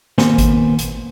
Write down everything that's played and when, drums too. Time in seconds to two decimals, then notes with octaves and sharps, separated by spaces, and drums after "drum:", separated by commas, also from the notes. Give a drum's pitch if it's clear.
0.18 D#2 A#2 A#3 B3 C5 G#5, drum: snare
0.38 drum: kick G#1, hi-hat
0.79 drum: hi-hat